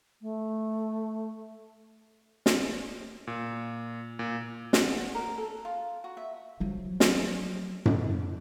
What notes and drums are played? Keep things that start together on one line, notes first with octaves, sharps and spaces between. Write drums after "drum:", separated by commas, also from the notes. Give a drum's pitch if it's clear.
A3
drum: snare
A#2
A#2
F#5, drum: snare
A#4
A4
F4
F#4
E5
F3 F#3
drum: snare
drum: tom F#2